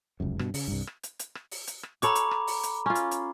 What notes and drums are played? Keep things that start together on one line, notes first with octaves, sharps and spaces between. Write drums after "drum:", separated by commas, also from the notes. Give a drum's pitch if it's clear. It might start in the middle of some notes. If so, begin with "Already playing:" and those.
F1 C#2 F#2
G2 B2, drum: rim click
C#3, drum: open hi-hat
C2 G2
drum: rim click
drum: hi-hat
drum: hi-hat
drum: rim click
drum: open hi-hat
drum: hi-hat
drum: rim click
A4 C#5 F#5 A#5 B5 D6, drum: hi-hat
drum: hi-hat
drum: rim click
drum: open hi-hat
drum: hi-hat
C#4 F4
drum: hi-hat
drum: hi-hat